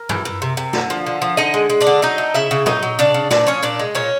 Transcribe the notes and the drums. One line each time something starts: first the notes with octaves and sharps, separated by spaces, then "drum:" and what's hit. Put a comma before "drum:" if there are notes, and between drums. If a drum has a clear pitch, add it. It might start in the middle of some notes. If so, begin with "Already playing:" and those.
Already playing: A#4
E3, drum: tom F#2
E3
C3
C3
D3, drum: snare
F3
D3
F3
D3 D#4 D#5
G#3
G#3
D4 D5
D3
F#3 D#4 D#5
A3
C#3 E4 E5
C#3
F#3 D#4 D#5, drum: tom
F#3
C#3 D4 D5
C#3
A#2 D4 D5, drum: snare
F3 C#4 C#5
A#2 D4 D5
G#3
A#2 C#4 C#5